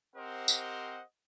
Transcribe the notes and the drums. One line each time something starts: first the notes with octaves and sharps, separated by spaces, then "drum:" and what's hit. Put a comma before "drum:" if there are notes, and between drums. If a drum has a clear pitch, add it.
C4 G4 A#4 C5 D#5 F#5
drum: tambourine